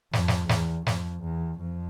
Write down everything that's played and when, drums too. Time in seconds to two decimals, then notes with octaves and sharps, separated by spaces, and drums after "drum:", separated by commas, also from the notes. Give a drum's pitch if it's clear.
0.13 F2, drum: snare
0.28 drum: snare
0.49 E2, drum: snare
0.86 F2, drum: snare
1.24 E2
1.60 F2